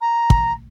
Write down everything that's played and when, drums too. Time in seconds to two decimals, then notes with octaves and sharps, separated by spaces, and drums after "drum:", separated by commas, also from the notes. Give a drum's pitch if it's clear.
0.01 A#5
0.30 drum: kick